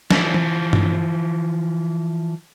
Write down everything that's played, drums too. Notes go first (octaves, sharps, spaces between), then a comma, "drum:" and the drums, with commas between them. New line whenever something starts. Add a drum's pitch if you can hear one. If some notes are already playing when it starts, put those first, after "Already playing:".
E3 F3, drum: snare
drum: tom E3
drum: tom G2